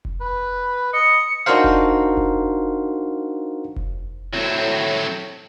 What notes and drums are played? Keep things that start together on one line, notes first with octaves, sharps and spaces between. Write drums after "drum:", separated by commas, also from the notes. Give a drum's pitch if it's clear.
drum: kick F1
B4
D#5 C#7
D4 D#4 F#4 A#4 C5 F5
drum: kick F1
drum: kick F1
drum: kick F1
A2 F#3 C4